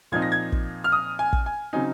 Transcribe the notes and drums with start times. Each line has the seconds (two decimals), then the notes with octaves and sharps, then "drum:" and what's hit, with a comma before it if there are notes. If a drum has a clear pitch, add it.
0.12 A#2 F3 C4 D#4 G#6
0.22 A#6
0.32 G#6
0.52 drum: kick
0.84 F6
0.92 D#6
1.19 G#5
1.33 drum: kick
1.46 G#5
1.73 C#3 F#3 C4 D#4 G#5